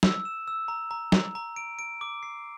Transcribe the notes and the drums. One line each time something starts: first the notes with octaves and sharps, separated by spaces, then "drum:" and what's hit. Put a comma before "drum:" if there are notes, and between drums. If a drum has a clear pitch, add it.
E6, drum: snare
E7
E6
A#5
A#5
A#5, drum: snare
A#5
D7
D7
D6
C7